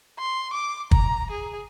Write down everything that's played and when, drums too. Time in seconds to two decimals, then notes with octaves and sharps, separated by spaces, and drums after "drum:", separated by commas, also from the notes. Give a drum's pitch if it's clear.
0.19 C6
0.54 D6
0.91 A#5, drum: kick
1.31 G#4